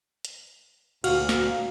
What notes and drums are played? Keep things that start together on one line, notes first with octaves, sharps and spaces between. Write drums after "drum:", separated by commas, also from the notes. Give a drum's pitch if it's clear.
drum: hi-hat
D2 A#2 F#4 F5 F6, drum: cymbal
drum: snare